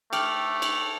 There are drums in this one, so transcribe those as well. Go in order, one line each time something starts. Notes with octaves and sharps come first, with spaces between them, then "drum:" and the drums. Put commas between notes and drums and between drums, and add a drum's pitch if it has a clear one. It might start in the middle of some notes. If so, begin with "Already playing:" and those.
A3 G5 D6 F6, drum: cymbal
drum: cymbal